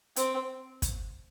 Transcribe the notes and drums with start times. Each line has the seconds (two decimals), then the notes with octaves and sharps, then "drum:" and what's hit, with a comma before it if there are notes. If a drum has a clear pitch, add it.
0.16 C4, drum: hi-hat
0.82 drum: kick, hi-hat